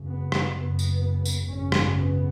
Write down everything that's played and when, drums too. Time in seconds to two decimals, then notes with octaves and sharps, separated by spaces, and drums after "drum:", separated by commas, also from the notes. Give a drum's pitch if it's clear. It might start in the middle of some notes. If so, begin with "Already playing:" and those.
Already playing: F#1 F#2 C#3
0.08 B3
0.32 drum: rim click
0.55 F#1 F#2 C#3 B3
0.79 drum: tambourine
1.25 drum: tambourine
1.49 G#1 F#2 C#3 C#4
1.72 drum: rim click
1.96 B3